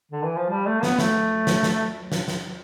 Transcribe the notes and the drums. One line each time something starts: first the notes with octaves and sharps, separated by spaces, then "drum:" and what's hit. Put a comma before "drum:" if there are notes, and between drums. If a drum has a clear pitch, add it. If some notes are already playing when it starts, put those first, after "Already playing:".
D3
E3
F3
G3
A3
B3, drum: snare
A3, drum: snare
drum: snare
drum: snare
drum: snare
drum: snare